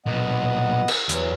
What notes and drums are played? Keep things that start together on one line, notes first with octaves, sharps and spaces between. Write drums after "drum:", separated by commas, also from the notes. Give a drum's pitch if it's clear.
B1 A#2 B3 D#5 F#5
drum: cymbal
E2 E3 F#3, drum: hi-hat